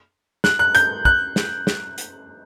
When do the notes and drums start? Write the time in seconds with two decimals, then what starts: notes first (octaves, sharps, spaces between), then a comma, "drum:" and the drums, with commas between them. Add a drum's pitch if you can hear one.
0.44 F#6, drum: snare
0.59 F#6
0.75 G6, drum: hi-hat
1.05 F#6, drum: kick
1.36 drum: snare
1.67 drum: snare
1.98 drum: hi-hat